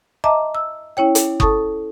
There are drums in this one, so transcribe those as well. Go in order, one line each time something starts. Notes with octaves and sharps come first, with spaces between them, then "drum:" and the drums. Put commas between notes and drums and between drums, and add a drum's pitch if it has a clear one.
D#5 E5 A5 A#5 D6
E6
C#4 E4 C#5 G5
drum: hi-hat
A4 A5 C#6 D#6, drum: kick F#1